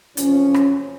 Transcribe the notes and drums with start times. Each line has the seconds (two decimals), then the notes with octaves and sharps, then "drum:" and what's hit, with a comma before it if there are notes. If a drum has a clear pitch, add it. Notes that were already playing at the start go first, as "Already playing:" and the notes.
0.17 F#1 F2 F3 C#4, drum: hi-hat
0.54 drum: rim click